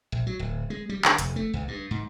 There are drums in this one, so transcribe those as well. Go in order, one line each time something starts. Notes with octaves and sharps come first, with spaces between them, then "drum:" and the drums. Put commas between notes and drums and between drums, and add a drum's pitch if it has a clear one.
A#1
F#3
D1
G#3
G3
D3, drum: clap
F1, drum: hi-hat
A3
C#2
G2
G#2